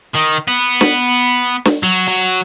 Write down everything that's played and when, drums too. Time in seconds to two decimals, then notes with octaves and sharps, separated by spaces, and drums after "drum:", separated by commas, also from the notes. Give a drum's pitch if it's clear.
0.14 D#3
0.48 B3
0.81 drum: snare
1.65 drum: snare
1.83 F#3
2.08 F#3